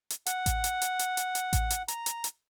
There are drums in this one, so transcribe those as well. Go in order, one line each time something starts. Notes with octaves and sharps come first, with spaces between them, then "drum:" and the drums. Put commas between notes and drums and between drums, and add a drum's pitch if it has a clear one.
drum: hi-hat
F#5, drum: hi-hat
drum: kick A1, hi-hat
drum: hi-hat
drum: hi-hat
drum: hi-hat
drum: hi-hat
drum: hi-hat
drum: kick A1, hi-hat
drum: hi-hat
A#5, drum: hi-hat
drum: hi-hat
drum: hi-hat